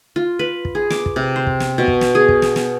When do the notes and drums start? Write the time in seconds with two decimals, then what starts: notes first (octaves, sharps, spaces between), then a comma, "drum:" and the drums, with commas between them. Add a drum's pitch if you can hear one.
0.16 F4
0.39 B4
0.65 drum: kick
0.75 G#4
0.90 D6, drum: snare
1.06 drum: kick
1.16 C3
1.36 C5
1.47 drum: kick
1.60 drum: snare
1.78 B2
1.88 drum: kick
2.01 drum: snare
2.15 G#4
2.29 drum: kick
2.42 drum: snare
2.56 drum: snare